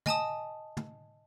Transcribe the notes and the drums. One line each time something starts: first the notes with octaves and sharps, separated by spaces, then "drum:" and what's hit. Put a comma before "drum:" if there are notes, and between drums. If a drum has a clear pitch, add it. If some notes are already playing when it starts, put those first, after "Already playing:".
D#5 G#5 A5 D#6, drum: tom
drum: tom